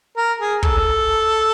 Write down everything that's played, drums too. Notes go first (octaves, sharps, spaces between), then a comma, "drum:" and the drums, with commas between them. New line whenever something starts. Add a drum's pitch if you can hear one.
A#4
G#4
A4, drum: kick